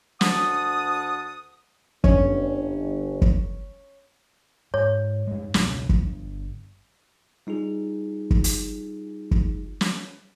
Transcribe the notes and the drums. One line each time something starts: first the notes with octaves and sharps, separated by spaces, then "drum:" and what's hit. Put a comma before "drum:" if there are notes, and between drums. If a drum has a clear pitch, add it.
D2 F#5 A5 D#6, drum: snare
G1 F#2 C#4, drum: kick
drum: kick
G#2 C#5
G2 G#3
C#2 G2 B2, drum: snare
G1, drum: kick
G3 D#4 F4 G#4
drum: kick
drum: hi-hat
drum: kick
drum: snare